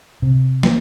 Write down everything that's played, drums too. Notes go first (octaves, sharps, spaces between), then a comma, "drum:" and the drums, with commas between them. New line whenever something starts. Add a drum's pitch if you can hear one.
C3
A#3, drum: snare